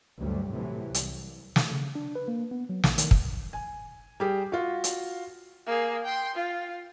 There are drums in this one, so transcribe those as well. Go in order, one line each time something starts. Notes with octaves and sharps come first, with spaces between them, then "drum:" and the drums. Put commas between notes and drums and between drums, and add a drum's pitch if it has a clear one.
D2 G2 F#3 G3
A2 C3 E3 F#3
C2, drum: hi-hat
drum: snare
C#3
D4
B4
A#3
B3
F#3
A#1, drum: snare
D#3, drum: hi-hat
drum: kick
G#5
G3 G4 G#4
F4 F#4
drum: hi-hat
A#3 G#4
G5 C6
F4